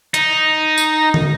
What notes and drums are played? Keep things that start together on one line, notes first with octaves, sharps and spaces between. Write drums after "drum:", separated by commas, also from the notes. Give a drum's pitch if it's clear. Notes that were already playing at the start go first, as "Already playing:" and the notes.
D#4, drum: hi-hat
drum: tambourine
drum: tom